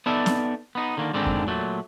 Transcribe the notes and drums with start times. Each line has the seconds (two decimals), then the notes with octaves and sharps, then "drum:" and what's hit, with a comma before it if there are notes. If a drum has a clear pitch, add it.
0.06 B3 D#4 A4 D5 E5
0.26 drum: snare C4
0.75 B3 D#4
0.97 D3 D#3 A#3
1.14 G#2 D3 D#3 C4 D4
1.26 drum: kick F2
1.47 A#2 F#3 A3